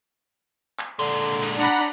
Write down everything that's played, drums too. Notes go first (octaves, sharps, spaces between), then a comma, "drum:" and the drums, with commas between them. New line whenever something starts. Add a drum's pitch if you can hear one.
drum: clap
A#2 D3 G#3
drum: cymbal
D4 F#5 A#5 B5